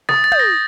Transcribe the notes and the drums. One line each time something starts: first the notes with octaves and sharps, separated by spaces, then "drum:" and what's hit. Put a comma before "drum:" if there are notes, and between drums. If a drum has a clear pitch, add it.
D#6 A6, drum: snare
A6
G6, drum: tom
A#6